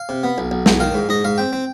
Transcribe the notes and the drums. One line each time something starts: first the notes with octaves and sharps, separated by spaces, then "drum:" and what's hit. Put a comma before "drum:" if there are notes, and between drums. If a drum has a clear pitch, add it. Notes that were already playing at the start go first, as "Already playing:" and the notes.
Already playing: F5
C3
B3
B1
B1
B1, drum: snare
D#3 F5
G#2
G#2 D#5
G#2 F5
C4 G5
C4